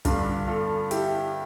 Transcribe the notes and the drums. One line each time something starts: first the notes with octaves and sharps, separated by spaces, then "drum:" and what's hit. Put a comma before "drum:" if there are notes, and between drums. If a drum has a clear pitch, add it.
G2 D3 D4 F4, drum: kick, hi-hat
F4 A4
E4 G4, drum: hi-hat